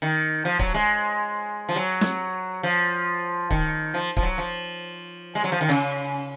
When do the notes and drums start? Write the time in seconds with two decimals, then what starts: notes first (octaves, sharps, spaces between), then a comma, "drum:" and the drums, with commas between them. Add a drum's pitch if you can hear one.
0.02 D#3
0.45 F3
0.59 F#3, drum: kick
0.74 G#3
1.69 F3
1.76 F#3
2.01 drum: snare
2.63 F3
3.51 D#3, drum: kick
3.94 F3
4.17 F3, drum: kick
4.23 F#3
4.38 F3
5.35 G#3
5.44 F#3
5.52 F3
5.61 D#3
5.69 C#3, drum: hi-hat